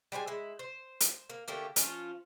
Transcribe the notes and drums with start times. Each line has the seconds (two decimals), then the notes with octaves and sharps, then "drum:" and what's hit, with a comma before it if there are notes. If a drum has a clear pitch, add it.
0.12 G3 G#3 C5 G#5
0.27 G#3 E4
0.59 C5
1.00 drum: hi-hat
1.29 A#3
1.48 D3 A3 A#3 G4
1.76 F3 C#4 F4, drum: hi-hat